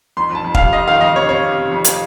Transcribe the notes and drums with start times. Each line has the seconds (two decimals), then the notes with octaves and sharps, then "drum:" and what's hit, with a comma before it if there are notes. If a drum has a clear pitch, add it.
0.17 F2 C6
0.30 F2 A5
0.44 F2
0.55 F5, drum: kick
0.60 C3
0.73 F2 D#5
0.87 D#3 F5
1.01 F2 D#5
1.15 C3 C#5
1.29 C3 C#5
1.44 C3
1.57 C3
1.71 F2
1.84 drum: hi-hat